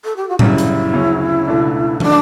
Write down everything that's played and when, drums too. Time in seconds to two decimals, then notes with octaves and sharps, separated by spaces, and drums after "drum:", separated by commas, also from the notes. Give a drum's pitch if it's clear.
0.04 A4
0.16 G4
0.29 F#4
0.39 G1 F#2 C#3 G3 E4, drum: tom A2
0.58 drum: hi-hat
0.93 D2 C#3 F#3 C#4
1.48 C#2 B2 A3 D4
2.00 F#3 A3 D4, drum: tom